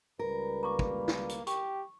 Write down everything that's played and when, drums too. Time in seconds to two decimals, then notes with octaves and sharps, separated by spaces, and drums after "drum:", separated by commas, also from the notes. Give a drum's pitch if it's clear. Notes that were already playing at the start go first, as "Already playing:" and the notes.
0.19 C#2 G3 A#4 B4
0.63 A#3 A#5 C#6 D6
0.79 drum: kick
1.08 drum: snare
1.29 drum: hi-hat
1.47 G4 C#6, drum: hi-hat